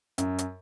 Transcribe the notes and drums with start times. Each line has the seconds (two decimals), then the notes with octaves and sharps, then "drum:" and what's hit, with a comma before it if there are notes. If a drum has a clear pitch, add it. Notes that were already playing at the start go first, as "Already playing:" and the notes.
0.18 F#2, drum: hi-hat
0.38 drum: hi-hat